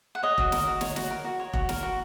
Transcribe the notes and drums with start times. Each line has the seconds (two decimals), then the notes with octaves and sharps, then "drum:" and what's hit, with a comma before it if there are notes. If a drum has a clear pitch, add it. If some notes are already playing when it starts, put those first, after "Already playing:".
0.15 F#5
0.23 C#5 D#5
0.38 F#4, drum: kick
0.52 A#4, drum: snare
0.67 F#4
0.81 C#5, drum: snare
0.96 F#4, drum: snare
1.11 A#4
1.25 F#4
1.39 C#5
1.53 F#4, drum: kick
1.69 A#4, drum: snare
1.83 F#4